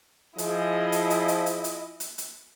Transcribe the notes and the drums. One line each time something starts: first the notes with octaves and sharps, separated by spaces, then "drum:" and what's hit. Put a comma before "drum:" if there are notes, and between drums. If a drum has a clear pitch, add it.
F3 E4 G#4 D#5, drum: hi-hat
drum: hi-hat
drum: hi-hat
drum: hi-hat
drum: hi-hat
drum: hi-hat
drum: hi-hat
drum: hi-hat